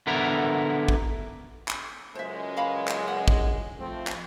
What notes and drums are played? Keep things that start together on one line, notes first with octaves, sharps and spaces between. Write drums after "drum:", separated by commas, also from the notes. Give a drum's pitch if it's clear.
D3 B3 E4 A#4
drum: kick
drum: clap
C#2 F#2 G#3 C5 E5
F#4 F5 B5
drum: clap
F#5
drum: kick
F3 A3 C4
drum: clap